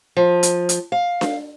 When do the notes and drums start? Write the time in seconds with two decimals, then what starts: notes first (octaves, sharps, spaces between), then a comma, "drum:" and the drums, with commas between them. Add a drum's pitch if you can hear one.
0.17 F3
0.43 drum: hi-hat
0.69 drum: hi-hat
0.92 F5
1.21 drum: snare D4